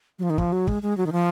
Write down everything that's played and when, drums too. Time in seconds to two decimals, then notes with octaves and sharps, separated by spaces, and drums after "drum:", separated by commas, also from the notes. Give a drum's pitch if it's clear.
0.19 F#3
0.23 F3
0.30 D#3
0.38 F3, drum: kick
0.52 F#3
0.67 G#3, drum: kick
0.82 G#3
0.98 F#3
1.06 D#3
1.12 F3